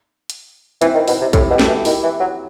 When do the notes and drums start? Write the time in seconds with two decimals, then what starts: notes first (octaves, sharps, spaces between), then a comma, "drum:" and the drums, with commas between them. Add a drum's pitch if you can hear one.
0.30 drum: hi-hat
0.82 E3 C4 E4, drum: hi-hat
0.94 D#3
1.08 B2 C4 E4, drum: open hi-hat
1.21 C3
1.33 A2 E4 G4, drum: kick A#1, hi-hat
1.51 B2 G4
1.59 F#4 A4, drum: snare
1.68 E3
1.73 F#4
1.85 D#3 E4 G4, drum: open hi-hat
2.03 E3
2.20 F#3